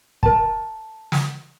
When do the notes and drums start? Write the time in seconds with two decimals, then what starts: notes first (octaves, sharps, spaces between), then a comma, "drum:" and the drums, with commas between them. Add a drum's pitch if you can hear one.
0.23 A#4 A5, drum: kick
1.12 drum: snare